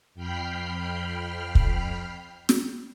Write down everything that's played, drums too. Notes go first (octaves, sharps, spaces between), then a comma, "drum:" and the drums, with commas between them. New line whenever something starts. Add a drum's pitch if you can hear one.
F2 G5 B5 F6 C7
drum: kick
drum: snare